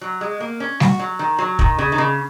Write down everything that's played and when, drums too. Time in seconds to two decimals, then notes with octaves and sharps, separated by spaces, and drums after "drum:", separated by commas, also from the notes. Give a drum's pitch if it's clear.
0.01 F#3
0.21 G#3
0.40 A#3
0.60 C#4
0.80 F#4, drum: snare G3
0.99 F#3
1.19 D#3
1.38 F#3
1.59 D#3, drum: kick
1.78 C#3
1.92 D#3
1.98 C#3